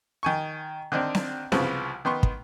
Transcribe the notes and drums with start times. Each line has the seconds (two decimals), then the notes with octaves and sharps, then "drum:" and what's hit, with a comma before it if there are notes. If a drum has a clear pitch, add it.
0.23 D#3 G#5 C#6
0.92 D3 D#3 C4 D4
1.15 drum: snare C4
1.52 C2 C#3 F3 B3, drum: snare C4
2.05 D#3 B3 C6 C#6
2.23 drum: kick